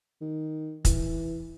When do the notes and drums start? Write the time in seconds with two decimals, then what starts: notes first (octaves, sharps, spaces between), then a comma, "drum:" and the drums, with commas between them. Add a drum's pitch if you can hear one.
0.21 D#3
0.85 E3, drum: kick, hi-hat